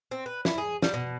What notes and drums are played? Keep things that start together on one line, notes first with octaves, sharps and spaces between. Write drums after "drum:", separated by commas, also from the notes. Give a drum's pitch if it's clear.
C4
B4
E4, drum: snare
G#4
G3, drum: snare
B2